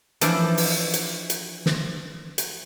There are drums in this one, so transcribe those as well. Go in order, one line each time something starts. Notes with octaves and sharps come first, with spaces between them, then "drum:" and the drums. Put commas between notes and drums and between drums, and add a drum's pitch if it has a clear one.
E3 F3 D4 E4, drum: hi-hat
drum: open hi-hat
drum: hi-hat
drum: hi-hat
drum: snare
drum: hi-hat